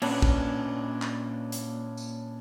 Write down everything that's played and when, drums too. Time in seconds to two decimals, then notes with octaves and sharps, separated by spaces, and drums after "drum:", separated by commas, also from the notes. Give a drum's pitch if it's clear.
0.02 A#2 C#4 D4 B4, drum: cymbal
0.22 drum: kick
1.02 drum: clap
1.52 drum: hi-hat
1.97 drum: tambourine